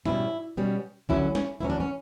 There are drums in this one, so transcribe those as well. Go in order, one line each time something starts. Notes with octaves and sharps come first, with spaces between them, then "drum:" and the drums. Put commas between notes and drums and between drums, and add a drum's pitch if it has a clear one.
B2 G3 C#4 E4, drum: tom G#2
B2 G3 C#4
D2 D3 F#3 C#4 E4, drum: kick
C#4, drum: snare
D2 D3 F#3 C#4 E4
D4, drum: tom E3
C#4